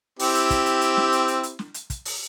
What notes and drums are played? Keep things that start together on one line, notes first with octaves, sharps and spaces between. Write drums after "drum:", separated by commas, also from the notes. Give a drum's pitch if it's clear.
C4 E4 G4, drum: open hi-hat
drum: hi-hat
drum: kick, hi-hat
drum: hi-hat
drum: hi-hat
drum: snare
drum: hi-hat
drum: hi-hat
drum: hi-hat
drum: snare
drum: hi-hat
drum: kick, hi-hat
drum: open hi-hat